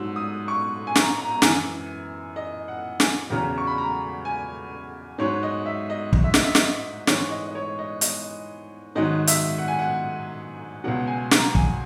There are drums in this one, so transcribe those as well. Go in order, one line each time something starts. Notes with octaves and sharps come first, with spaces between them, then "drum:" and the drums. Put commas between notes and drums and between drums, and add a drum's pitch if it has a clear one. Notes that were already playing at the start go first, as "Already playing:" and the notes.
Already playing: G#2 F#3 E6
D#6
C#6
G#5
A#5, drum: snare
A#5
A#5
F#2 E3 G#5, drum: snare
D#5
F#5
G#5, drum: snare
E2 C#3 F#3 A#5
C#6
B5
A#5
G#5
G#2 F#3 C#5
D#5
E5
D#5
D#5, drum: kick
E5
D#5, drum: snare
E5
D#5, drum: snare
G#2 E3 C#5, drum: snare
D#5
D#5
C#5
D#5
D#5, drum: hi-hat
G#2 D#3 F#3 D#5
E5, drum: hi-hat
F#5
G#5
F#5
C#2 B2 F#3 F#5
G#5
A#5, drum: snare
G#5, drum: kick